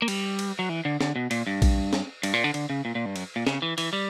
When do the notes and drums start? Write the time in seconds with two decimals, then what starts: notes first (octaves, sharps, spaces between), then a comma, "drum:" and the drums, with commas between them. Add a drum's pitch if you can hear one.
0.02 A#3
0.08 G3, drum: cymbal
0.39 drum: cymbal
0.59 F#3
0.69 E3
0.85 D3
1.01 D3, drum: snare
1.16 B2
1.31 A#2, drum: cymbal
1.47 G2
1.62 drum: kick, cymbal
1.93 drum: snare
2.23 G2, drum: cymbal
2.34 A#2
2.44 D3
2.54 D3, drum: cymbal
2.70 C#3
2.85 A#2
2.95 A#2
3.06 G2
3.16 F#2, drum: cymbal
3.36 A#2
3.47 C#3, drum: snare
3.62 E3
3.78 E3, drum: cymbal
3.93 G3